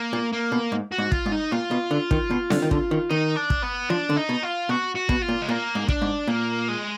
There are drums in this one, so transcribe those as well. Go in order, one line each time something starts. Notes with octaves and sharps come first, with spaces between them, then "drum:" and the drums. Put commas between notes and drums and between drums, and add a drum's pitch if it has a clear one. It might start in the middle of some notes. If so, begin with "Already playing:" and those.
Already playing: A#3
A#2
A#3
B2
G#2
F#4
G#2
F4, drum: kick
G#2
D#4
A#2 F4
B2
D3
D#3, drum: kick
B2
D3, drum: snare C4
D#3
D3, drum: kick
D#3
D#3 D#4
D4
drum: kick
B3
F3 D4
D3
D#4
B2
F4
B2 F#4
F#4
B2, drum: kick
F4
A#2
G#3
A#2 A#3
G#2
D4, drum: kick
G#2
A#2 A#3
G#3